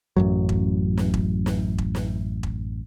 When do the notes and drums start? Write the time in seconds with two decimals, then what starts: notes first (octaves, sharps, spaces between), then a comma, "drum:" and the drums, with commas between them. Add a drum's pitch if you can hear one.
0.17 A1 F#2 F#3
0.49 drum: kick E1
0.97 drum: snare
1.14 drum: kick E1
1.46 drum: snare
1.78 drum: kick E1
1.95 drum: snare
2.43 drum: kick E1